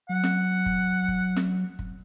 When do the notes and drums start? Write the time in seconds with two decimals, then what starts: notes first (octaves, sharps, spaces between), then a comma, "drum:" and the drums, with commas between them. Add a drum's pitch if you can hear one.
0.09 F#3 F#5
0.23 drum: snare
0.66 drum: kick
1.08 drum: kick
1.36 drum: snare
1.79 drum: kick